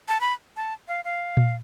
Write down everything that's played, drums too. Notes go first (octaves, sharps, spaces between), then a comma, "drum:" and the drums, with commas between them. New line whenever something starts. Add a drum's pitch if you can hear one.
A5
B5
A5
F5
F5
drum: tom A#2